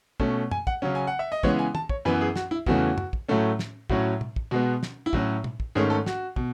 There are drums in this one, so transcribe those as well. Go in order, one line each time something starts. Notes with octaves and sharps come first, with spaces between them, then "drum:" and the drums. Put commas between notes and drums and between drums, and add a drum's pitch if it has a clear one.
B2 A3 C#4, drum: kick
G#5, drum: tom
F#5, drum: kick
C#3 F#3 C#4
G#5
F#5
E5
D#5
C#3 E3 G#3 B3 C#5, drum: kick
G#5
A5, drum: tom
C#5, drum: kick
F#2 E3 B3 B4
G#4
F#4, drum: snare
E4
E2 C#3 E3 A3 C#4 F#4, drum: kick
drum: tom
drum: kick
A2 F#3 A3 C#4
drum: snare
A2 F#3 C#4 F#4, drum: kick
drum: tom
drum: kick
B2 G#3 B3 F#4
drum: snare
E4
A2 F#3 C#4 F#4, drum: kick
drum: tom
drum: kick
G#2 D#3 A3 C#4 G#4
A4
F#4, drum: snare
B2, drum: kick